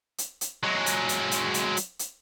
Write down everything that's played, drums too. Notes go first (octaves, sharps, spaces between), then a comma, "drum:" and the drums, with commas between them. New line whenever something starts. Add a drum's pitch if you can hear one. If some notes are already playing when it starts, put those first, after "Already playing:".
drum: hi-hat
drum: hi-hat
F#3 G#3
drum: hi-hat
drum: hi-hat
drum: hi-hat
drum: hi-hat
drum: hi-hat
drum: hi-hat